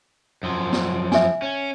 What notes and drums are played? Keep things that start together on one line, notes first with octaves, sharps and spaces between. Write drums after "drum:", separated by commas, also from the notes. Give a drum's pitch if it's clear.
F#2 F3
drum: snare
E5 G#5, drum: snare
C#4